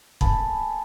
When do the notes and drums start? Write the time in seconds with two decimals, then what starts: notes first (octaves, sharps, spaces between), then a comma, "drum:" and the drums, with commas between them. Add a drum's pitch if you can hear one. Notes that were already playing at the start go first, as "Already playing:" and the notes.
0.21 G#4 A5 B5, drum: kick